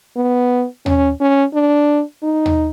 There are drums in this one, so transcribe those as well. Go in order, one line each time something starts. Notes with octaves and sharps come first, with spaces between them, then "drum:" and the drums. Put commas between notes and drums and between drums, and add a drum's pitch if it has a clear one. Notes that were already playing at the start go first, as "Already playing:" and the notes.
B3
C#4, drum: tom D#2
C#4
D4
D#4
drum: tom D#2